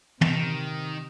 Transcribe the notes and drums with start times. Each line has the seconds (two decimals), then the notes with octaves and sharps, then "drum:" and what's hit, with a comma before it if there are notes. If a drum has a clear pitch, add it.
0.21 C3 D#3, drum: tom